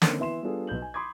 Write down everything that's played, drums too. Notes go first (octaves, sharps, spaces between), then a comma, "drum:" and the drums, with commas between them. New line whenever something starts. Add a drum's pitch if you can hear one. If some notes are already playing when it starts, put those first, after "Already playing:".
D3 D#3 A#3 C4 C#4, drum: snare
E3 B3 E5 C6 E7
G3 B3 D4 F4 G#4 A4
B1 B4 G6 F#7
G#5
B5 C6 D6 D#6 G#6